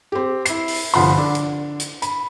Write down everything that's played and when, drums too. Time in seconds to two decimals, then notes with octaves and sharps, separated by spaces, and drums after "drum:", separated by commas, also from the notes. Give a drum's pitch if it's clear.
0.12 C4 G4
0.46 E4 C7, drum: hi-hat
0.68 drum: open hi-hat
0.94 G1 C2 F3 F#5 B5 C6
1.18 D3 D4
1.35 drum: hi-hat
1.80 drum: hi-hat
2.02 B5, drum: hi-hat